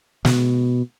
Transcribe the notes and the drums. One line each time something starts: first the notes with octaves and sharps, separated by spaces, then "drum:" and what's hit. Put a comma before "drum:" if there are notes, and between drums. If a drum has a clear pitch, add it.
B2, drum: snare